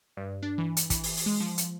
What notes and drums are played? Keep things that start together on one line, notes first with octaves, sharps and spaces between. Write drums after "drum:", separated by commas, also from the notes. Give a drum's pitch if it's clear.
G2
D4
E3
drum: hi-hat
E3, drum: kick, hi-hat
drum: open hi-hat
drum: open hi-hat
G#3
F3
drum: hi-hat